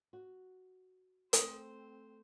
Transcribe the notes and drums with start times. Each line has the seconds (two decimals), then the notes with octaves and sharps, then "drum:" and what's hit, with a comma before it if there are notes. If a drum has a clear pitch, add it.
0.13 F#4
1.33 A3 C4 C5, drum: hi-hat